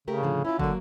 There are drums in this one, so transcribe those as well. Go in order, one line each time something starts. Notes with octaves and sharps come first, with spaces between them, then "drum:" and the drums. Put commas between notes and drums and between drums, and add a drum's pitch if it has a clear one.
C#3 A3 G4 A#4
A2 D3 F3
C#4 E4 F4
D3 F#3 A#3, drum: kick